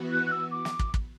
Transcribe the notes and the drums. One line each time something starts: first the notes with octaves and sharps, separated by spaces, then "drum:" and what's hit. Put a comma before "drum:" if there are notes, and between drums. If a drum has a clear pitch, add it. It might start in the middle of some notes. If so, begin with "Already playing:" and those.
Already playing: E3 B3 F#4
F#6
F#6
E6
D6
drum: snare
drum: kick
drum: kick